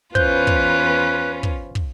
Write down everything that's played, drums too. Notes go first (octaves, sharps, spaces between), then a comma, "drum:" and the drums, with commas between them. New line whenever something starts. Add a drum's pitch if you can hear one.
E2 C#4 F4 B4 C5 F#6 G6, drum: kick
drum: kick
drum: kick
drum: kick